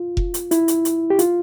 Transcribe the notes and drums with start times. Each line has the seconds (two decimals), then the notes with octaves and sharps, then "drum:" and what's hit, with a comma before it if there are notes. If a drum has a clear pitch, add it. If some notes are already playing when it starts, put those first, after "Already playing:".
Already playing: F4
0.17 drum: kick F1
0.34 drum: hi-hat
0.51 E4, drum: hi-hat
0.68 drum: hi-hat
0.85 drum: hi-hat
1.10 G4
1.19 F4, drum: hi-hat